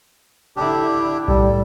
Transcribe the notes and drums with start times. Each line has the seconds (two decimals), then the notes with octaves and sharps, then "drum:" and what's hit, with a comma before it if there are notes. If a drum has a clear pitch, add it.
0.56 D3 D4 E4 G4
1.28 A2 G3 A4, drum: kick A#1